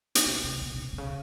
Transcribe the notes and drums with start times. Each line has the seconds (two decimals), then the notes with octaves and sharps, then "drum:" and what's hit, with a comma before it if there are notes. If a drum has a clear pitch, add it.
0.15 drum: hi-hat
0.26 B2
0.44 C3
0.62 B2
0.93 C3
0.98 C#3